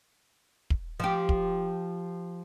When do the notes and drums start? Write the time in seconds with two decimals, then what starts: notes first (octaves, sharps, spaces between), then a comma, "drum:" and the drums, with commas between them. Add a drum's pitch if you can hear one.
0.70 drum: kick
1.00 F3 G4
1.29 drum: kick